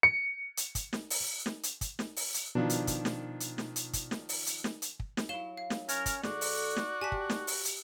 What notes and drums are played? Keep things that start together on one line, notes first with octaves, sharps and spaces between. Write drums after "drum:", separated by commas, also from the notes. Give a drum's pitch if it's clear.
C#7
drum: hi-hat
drum: kick, hi-hat
drum: snare
drum: open hi-hat
drum: snare
drum: hi-hat
drum: kick, hi-hat
drum: snare
drum: open hi-hat
drum: hi-hat
B2 D#3 F3 D4
drum: hi-hat
drum: kick, hi-hat
drum: snare
drum: hi-hat
drum: snare
drum: hi-hat
drum: kick, hi-hat
drum: snare
drum: open hi-hat
drum: hi-hat
drum: snare
drum: hi-hat
drum: kick
drum: snare
F#3 E4 F5 E7 G7
F5
drum: snare
C#4 A#4 G#6 A#6, drum: hi-hat
drum: kick, hi-hat
D3 G#3 F#4 D5, drum: snare
drum: open hi-hat
drum: snare
G4 G#5 A5 B6
drum: kick
drum: snare
drum: open hi-hat
drum: hi-hat